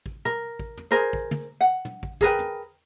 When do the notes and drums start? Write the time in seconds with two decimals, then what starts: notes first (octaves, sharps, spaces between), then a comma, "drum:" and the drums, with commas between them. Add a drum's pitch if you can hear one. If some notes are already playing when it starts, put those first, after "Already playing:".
0.06 drum: kick
0.25 A#4, drum: tom
0.59 drum: kick
0.77 drum: tom
0.91 G#4 A#4 C5
1.13 drum: kick
1.31 drum: tom
1.61 F#5
1.85 drum: tom
2.03 drum: kick
2.21 G#4 A#4 B4 G5, drum: kick
2.39 drum: tom